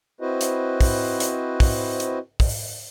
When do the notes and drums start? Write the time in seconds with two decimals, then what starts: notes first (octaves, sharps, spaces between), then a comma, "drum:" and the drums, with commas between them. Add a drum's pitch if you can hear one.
0.21 C4 E4 F#4 B4 C5 D#5
0.41 drum: hi-hat
0.81 drum: kick, open hi-hat
1.20 drum: hi-hat
1.60 drum: kick, open hi-hat
2.00 drum: hi-hat
2.40 drum: kick, open hi-hat